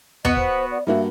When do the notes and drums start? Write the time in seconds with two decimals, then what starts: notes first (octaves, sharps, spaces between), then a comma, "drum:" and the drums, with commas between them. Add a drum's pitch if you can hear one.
0.25 B3 F#4 B4 D#5, drum: tom E2
0.37 C5, drum: kick
0.71 D5
0.87 G2 A#3 F#4 E5